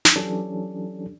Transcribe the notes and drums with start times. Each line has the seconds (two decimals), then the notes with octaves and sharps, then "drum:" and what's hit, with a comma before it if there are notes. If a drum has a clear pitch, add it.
0.05 drum: snare
0.16 E3 F#3 C#4 D4 G4 A4